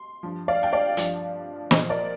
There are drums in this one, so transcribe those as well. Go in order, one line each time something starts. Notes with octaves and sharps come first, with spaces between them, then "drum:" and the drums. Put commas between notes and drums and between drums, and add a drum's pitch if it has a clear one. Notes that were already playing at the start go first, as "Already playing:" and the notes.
Already playing: C6
G2 F3
D5 F5
G5
D5 F5
G2 F3, drum: hi-hat
A#2 F3 C5 D#5, drum: snare
A#4 D5